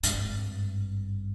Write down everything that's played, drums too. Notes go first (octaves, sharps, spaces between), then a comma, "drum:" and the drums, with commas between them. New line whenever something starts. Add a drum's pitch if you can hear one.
G#1 G2, drum: hi-hat